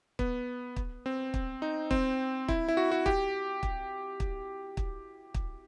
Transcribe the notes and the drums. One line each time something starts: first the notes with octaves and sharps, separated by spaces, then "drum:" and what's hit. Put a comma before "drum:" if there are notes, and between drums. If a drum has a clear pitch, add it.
B3, drum: kick
drum: kick
C4
drum: kick
D#4
C4, drum: kick
E4, drum: kick
E4
F#4
F#4
G4, drum: kick
drum: kick
drum: kick
drum: kick
drum: kick